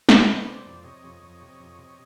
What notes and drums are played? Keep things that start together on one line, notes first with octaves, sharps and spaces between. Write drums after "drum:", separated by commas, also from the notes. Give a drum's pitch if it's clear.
F2 A4 B4, drum: snare
E3
C3 C5 D5
F2
C3 C#5 D#5
F2
F2
C3
F2
C3